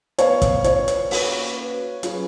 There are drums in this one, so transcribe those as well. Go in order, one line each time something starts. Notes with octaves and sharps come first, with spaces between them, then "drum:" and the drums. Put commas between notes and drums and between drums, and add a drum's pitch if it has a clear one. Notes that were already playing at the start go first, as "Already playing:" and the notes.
F3 B3 F4 B4 C#5 F5, drum: hi-hat
drum: kick, hi-hat
C#5, drum: hi-hat
drum: hi-hat
A#3 C#4 F#4 B4, drum: open hi-hat
F#3 C#4 F4 G#4 B4, drum: hi-hat